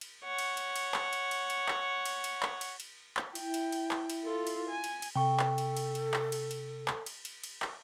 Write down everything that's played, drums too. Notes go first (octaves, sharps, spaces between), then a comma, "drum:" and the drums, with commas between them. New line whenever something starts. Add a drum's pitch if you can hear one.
drum: cymbal
C#5 F#5
drum: cymbal
drum: cymbal
drum: cymbal
drum: clap
drum: cymbal
drum: cymbal
drum: cymbal
drum: clap
drum: cymbal
drum: cymbal
drum: clap
drum: cymbal
drum: cymbal
drum: clap
E4 G5, drum: cymbal
drum: cymbal
drum: cymbal
drum: clap
drum: cymbal
F4 A4
drum: cymbal
G#5
drum: cymbal
drum: cymbal
C3 A4 G5 C#6
drum: clap
drum: cymbal
drum: cymbal
drum: cymbal
drum: clap
drum: cymbal
drum: cymbal
drum: clap
drum: cymbal
drum: cymbal
drum: cymbal
drum: clap